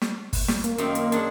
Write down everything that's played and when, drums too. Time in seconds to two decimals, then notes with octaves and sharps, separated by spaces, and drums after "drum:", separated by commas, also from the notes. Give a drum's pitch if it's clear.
0.01 drum: snare
0.33 drum: kick G1, open hi-hat
0.48 drum: snare
0.64 A#3, drum: hi-hat
0.78 F#2 D#3 C4, drum: hi-hat
0.95 drum: hi-hat
1.12 D4 G#4 F#5, drum: hi-hat